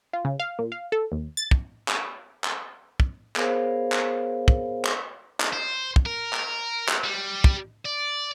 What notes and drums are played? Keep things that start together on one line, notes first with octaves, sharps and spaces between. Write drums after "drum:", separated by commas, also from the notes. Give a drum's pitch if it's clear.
F4
C#3
F5
A#2
F5
A4
D#2
A6
drum: kick
drum: clap
drum: clap
drum: kick
B3 G#4 A#4 C5 C#5 F5, drum: clap
drum: clap
drum: kick
drum: clap
drum: clap
C5
drum: kick
A#4
drum: clap
drum: clap
G3
drum: kick
D5